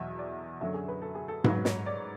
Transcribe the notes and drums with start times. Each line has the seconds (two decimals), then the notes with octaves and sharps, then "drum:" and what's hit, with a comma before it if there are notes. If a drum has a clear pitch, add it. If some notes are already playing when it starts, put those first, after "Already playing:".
Already playing: E2 B2 F#3 E5
0.19 D5
0.61 F#2 D3 F#3 E5
0.74 G#4
0.88 B4
1.02 A4
1.15 G#4
1.28 A4
1.44 G#2 F#3 B4, drum: tom G#2
1.65 C#5, drum: snare
1.86 D5